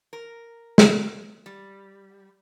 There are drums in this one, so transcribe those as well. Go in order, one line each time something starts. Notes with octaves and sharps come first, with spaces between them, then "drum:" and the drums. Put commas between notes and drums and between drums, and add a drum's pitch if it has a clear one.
A#4
drum: snare
G3